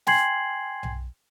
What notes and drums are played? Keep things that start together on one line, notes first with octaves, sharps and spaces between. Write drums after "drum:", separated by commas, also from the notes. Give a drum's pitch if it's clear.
G5 G#5 C6 G#6 C7 F#7, drum: snare
drum: tom B1